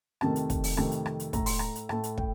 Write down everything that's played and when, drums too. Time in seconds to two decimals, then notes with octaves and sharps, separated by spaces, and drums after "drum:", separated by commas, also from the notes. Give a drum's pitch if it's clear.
0.21 F2 C3 D#3 A3 A5, drum: rim click
0.36 drum: hi-hat
0.50 drum: kick, hi-hat
0.64 drum: open hi-hat
0.77 F2 C3 D#3 A3, drum: rim click
0.92 drum: hi-hat
1.06 drum: rim click
1.20 drum: hi-hat
1.33 A2 A3 A#5, drum: kick, hi-hat
1.46 C6, drum: open hi-hat
1.59 A#5, drum: rim click
1.76 drum: hi-hat
1.89 A2 A3 A5, drum: rim click
2.04 drum: hi-hat
2.18 G5, drum: kick